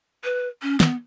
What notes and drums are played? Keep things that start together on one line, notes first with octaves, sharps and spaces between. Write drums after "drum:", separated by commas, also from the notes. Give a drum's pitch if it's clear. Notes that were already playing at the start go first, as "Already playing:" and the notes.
B4
C#4
B3, drum: snare